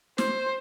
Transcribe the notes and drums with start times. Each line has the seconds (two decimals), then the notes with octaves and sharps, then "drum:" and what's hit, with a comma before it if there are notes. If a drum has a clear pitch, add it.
0.18 C5, drum: snare